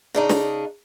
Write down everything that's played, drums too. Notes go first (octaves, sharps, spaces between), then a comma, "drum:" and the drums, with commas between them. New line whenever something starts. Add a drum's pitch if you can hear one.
C#3 D4 D#4
drum: snare